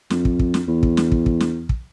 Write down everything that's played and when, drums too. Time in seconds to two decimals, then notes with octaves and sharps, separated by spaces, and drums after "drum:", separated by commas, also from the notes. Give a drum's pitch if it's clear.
0.10 F2, drum: snare
0.25 drum: kick
0.39 drum: kick
0.54 drum: snare
0.68 E2
0.83 drum: kick
0.97 drum: snare
1.12 drum: kick
1.26 drum: kick
1.40 drum: snare
1.69 drum: kick